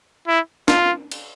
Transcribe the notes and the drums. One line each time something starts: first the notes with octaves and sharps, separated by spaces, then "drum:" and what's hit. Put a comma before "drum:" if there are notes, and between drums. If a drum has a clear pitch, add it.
E4
F4, drum: snare
drum: cymbal